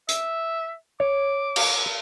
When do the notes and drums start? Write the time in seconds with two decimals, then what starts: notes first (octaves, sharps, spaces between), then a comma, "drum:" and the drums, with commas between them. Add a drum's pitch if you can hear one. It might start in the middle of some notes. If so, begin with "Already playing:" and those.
0.09 E5, drum: hi-hat
1.00 C#5 D6
1.56 drum: cymbal